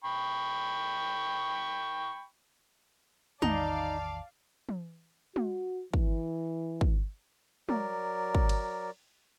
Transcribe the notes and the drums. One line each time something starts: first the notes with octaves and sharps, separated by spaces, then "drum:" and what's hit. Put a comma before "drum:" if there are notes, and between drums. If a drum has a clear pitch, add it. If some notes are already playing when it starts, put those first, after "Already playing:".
G5 B5 C#6
A1 E2 D#3 D#4 D5 F5 A5, drum: tom
drum: tom
F#4, drum: tom
E3, drum: kick
drum: kick
F#3 A#4 D5, drum: tom
drum: kick
drum: cymbal